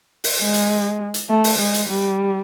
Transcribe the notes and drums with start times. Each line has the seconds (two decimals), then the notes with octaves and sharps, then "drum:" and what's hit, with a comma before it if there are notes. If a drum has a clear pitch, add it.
0.24 drum: open hi-hat
0.39 G#3
0.54 drum: hi-hat
1.14 drum: hi-hat
1.29 A3
1.44 drum: open hi-hat
1.59 G#3
1.74 drum: hi-hat
1.89 G3